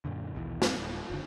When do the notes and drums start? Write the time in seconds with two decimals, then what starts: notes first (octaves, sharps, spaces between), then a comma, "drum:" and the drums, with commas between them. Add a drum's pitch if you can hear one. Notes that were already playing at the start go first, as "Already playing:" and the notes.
0.05 F#2 A#2 D3
0.34 A#1 D#2 B2 E3
0.62 E1 G2 C3 C4, drum: snare
0.77 D1
1.10 F#1 D3